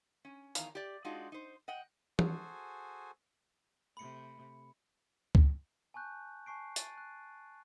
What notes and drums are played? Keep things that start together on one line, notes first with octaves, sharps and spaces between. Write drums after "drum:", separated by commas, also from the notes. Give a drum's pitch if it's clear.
C#4
E2 D#3 F5 A#5, drum: hi-hat
G4 D5
G#3 D4 D#4 F4 F#4
D#4 C5
D#5 F#5 G5
F#4 G#4 A4 C5 G#5, drum: tom E3
C3 A3 B5 C#7
drum: kick C#2
G#5 A5 C#6 F#6 G6
G#5 A5 C#6 C7 D7
A6 D7 D#7, drum: hi-hat
F#6